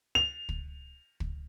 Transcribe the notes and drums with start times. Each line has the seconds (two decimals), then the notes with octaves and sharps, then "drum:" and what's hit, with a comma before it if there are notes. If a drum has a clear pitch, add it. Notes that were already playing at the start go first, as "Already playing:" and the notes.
0.15 F7
0.49 drum: kick
1.20 drum: kick